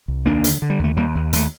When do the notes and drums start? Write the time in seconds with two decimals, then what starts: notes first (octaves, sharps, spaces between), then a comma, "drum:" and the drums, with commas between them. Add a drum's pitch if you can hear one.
0.08 C2
0.26 D#2 A#3 D4
0.44 D3, drum: hi-hat
0.62 D3
0.70 G3
0.79 D#2 A3
0.97 D#2 G3 A#3
1.15 D#2
1.33 D#2 A3, drum: hi-hat